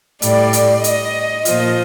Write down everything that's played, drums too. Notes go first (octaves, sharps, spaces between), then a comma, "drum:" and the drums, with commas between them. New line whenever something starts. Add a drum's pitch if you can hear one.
A2 G3 D5, drum: hi-hat
drum: hi-hat
D#5, drum: hi-hat
A#2 F3 D#5, drum: hi-hat